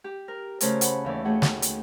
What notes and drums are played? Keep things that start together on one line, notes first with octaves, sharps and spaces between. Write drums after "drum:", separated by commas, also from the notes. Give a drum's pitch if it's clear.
G4
A#4
C#3 A3 C#4 A#4 C5 A5, drum: hi-hat
F#5 B5, drum: hi-hat
D#2 E3 C#4 D5
A3 F#4 G#4 F#5 G5
drum: snare
drum: hi-hat